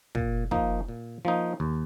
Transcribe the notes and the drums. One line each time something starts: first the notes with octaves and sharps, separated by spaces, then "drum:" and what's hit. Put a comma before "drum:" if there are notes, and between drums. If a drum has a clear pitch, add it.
A#2, drum: kick
F3 A#3 D#4, drum: kick
A#2
F3 A#3 D#4
D#2